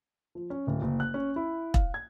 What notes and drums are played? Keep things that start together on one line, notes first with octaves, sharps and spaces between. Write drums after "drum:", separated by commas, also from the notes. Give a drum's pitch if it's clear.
F3
C#4
D1
F#1
F#6
C#4
E4
F5, drum: kick E1
G#6